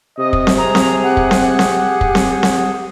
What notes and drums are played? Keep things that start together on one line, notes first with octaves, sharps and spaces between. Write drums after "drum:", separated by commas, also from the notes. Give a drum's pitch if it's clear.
C3 D#5 D#6
drum: kick
drum: snare C4
G#4 A#5
drum: snare C4
G4 F#5
drum: kick
drum: snare C4
drum: snare C4
drum: kick
drum: snare C4
drum: snare C4